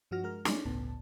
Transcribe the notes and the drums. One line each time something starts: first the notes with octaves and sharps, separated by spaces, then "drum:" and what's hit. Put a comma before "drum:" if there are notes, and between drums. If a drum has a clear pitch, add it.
G2 F3 D4 F#4 F6 A#6
G#3 A#4 F6
C#4 E4 G#4 C#5 D5, drum: snare
G1 C#2 A2 B3 A5